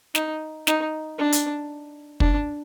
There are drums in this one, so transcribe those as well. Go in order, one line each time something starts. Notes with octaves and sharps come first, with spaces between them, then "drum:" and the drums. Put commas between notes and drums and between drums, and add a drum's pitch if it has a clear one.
D#4, drum: snare
D#4, drum: snare
D4
drum: hi-hat
D4, drum: kick